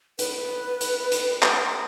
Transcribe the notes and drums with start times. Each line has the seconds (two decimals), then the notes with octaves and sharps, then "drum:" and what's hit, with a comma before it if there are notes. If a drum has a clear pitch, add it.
0.19 B4, drum: hi-hat
0.81 drum: hi-hat
1.12 drum: hi-hat
1.43 drum: clap